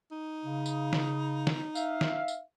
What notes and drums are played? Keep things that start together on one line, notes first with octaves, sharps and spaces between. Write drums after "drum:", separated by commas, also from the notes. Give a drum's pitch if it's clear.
D#4
C#3
drum: tambourine
drum: snare
drum: snare
E5 F5, drum: tambourine
drum: snare
drum: tambourine